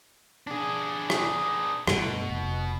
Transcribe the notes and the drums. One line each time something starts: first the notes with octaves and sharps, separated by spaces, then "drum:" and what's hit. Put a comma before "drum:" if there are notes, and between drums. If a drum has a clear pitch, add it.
D4 G#4
drum: rim click
G2 B2 A3, drum: rim click
F1